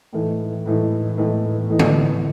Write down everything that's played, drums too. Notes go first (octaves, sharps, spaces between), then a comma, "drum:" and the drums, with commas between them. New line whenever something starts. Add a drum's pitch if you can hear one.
A2 E3 A3 D#4
A2 E3 A3 D#4
A2 E3 A3 D#4
A2 E3 A3 D#4
drum: tom D3